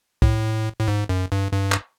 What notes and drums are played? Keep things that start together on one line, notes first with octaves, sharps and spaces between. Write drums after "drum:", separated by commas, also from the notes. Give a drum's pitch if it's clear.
A2, drum: kick C2
A2
G#2
F#2
G2
G2
drum: clap